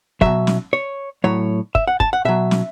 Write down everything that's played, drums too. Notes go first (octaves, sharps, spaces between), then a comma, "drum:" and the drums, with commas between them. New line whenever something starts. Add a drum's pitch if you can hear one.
B2 F#3 E5, drum: kick
drum: snare
C#5
A2 F#3 C#5
E5, drum: kick
F#5
A5, drum: kick
F#5
B2 F#3 E5
drum: snare